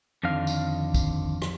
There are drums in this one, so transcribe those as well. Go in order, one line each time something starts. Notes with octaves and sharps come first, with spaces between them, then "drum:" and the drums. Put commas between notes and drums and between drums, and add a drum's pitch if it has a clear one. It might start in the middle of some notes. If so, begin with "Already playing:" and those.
F2 D3 D#3 F5
drum: tambourine
drum: kick, tambourine
drum: rim click